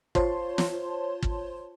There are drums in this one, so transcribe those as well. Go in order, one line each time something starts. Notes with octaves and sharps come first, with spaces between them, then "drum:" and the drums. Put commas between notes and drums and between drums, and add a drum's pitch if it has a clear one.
F4 C5 C#5 A5 C6, drum: kick
drum: snare
drum: kick